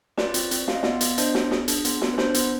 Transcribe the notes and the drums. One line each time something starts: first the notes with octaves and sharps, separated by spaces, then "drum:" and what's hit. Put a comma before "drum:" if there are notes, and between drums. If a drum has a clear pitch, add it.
F4 B4 D5, drum: snare
C4, drum: hi-hat
C4, drum: hi-hat
F4 F5, drum: snare
D#5
B3 D5 F5, drum: snare
B3, drum: hi-hat
D4 C5 D#5, drum: hi-hat
B3, drum: snare
G#4, drum: snare
D4, drum: hi-hat
B3, drum: hi-hat
B3, drum: snare
B4
D4 C5, drum: snare
B3, drum: hi-hat